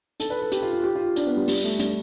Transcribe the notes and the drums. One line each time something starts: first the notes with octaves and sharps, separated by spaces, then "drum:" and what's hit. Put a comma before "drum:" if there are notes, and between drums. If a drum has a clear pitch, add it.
A4, drum: hi-hat
B4
A4
G4, drum: hi-hat
F4
F4
G4
F4
D4, drum: hi-hat
B3
G3
G3, drum: open hi-hat
A3
G3, drum: hi-hat